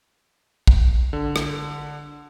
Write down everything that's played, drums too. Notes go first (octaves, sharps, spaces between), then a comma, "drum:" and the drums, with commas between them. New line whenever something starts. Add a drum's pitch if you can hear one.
drum: kick
D3
drum: rim click